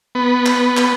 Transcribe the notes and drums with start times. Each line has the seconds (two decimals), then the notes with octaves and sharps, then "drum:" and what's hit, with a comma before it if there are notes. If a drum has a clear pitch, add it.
0.15 B3
0.46 drum: clap
0.77 drum: clap